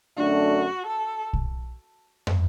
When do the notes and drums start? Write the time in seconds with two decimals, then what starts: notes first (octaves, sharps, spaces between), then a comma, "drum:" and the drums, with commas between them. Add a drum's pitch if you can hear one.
0.17 F#2 D3 A3 D4 F#4
0.87 A4
1.33 drum: kick
2.27 drum: tom